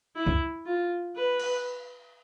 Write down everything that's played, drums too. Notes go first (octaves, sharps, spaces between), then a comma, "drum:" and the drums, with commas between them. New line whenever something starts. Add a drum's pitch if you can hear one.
E4
drum: kick C#2
F4
B4
drum: cymbal